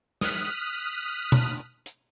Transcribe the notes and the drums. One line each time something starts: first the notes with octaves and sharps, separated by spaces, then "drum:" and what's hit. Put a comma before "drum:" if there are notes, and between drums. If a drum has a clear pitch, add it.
D#6 F6 F#6 B6, drum: snare
drum: tom
drum: hi-hat